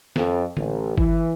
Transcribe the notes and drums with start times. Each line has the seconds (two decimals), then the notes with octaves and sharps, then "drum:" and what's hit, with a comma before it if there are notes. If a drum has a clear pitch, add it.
0.16 F2, drum: snare
0.57 A1, drum: tom D3
0.98 E3, drum: kick G1